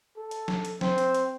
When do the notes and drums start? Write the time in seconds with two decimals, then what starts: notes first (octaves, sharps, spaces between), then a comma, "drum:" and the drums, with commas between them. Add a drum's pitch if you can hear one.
0.17 A4
0.31 drum: hi-hat
0.48 drum: snare
0.65 drum: hi-hat
0.81 C4, drum: snare
0.98 drum: hi-hat
1.15 drum: hi-hat